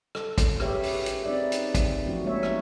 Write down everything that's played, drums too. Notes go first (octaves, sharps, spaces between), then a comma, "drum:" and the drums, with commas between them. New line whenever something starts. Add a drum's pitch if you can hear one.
A4, drum: rim click
drum: kick, hi-hat
C#4 G4 G#4 B4 C#5 E5, drum: rim click
drum: open hi-hat
drum: hi-hat
C4 D#4 B4 D5 E5
drum: hi-hat
drum: kick, hi-hat
F3 A3 C#4 F4 F#4
G#3 A#3 D#4 C#5 E5
drum: rim click